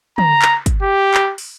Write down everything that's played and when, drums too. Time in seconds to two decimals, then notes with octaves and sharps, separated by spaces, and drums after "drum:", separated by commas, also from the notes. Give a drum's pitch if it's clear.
0.18 A#5, drum: tom
0.42 drum: clap
0.66 drum: kick, hi-hat
0.83 G4
1.14 drum: clap
1.38 drum: open hi-hat